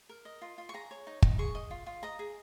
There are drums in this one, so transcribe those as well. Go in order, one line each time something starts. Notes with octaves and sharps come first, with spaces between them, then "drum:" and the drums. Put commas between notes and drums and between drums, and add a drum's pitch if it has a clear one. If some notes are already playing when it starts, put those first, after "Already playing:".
A#4
D#5
F4
F4
C#6
G#4 A#5
C#5
D#4
D#4, drum: kick
G#4 C#6
D#5
F4
F4
D#5 A#5
G#4